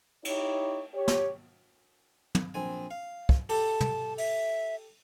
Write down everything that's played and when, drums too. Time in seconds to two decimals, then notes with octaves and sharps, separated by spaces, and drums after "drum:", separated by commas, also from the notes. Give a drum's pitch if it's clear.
0.25 D#4 E4 G4 C#5, drum: cymbal
0.95 G4 C#5
1.08 drum: snare
2.35 drum: tom
2.54 A#1 C4 G#5
2.91 F5
3.29 drum: kick
3.49 G4 A4 A5, drum: open hi-hat
3.81 drum: tom
4.18 E5, drum: open hi-hat